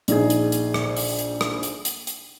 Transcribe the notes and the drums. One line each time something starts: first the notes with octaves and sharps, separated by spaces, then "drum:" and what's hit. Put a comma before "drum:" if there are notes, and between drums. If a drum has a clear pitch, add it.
A#1 D#4 G#4, drum: hi-hat
drum: hi-hat
drum: hi-hat
drum: rim click
drum: open hi-hat
drum: hi-hat
drum: rim click
drum: hi-hat
drum: hi-hat
drum: hi-hat